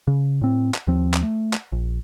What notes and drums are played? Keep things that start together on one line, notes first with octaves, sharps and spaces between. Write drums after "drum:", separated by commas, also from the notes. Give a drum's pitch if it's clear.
C#3
A2 C4
drum: clap
D#2 F3 C4
drum: clap
A3
drum: clap
A#1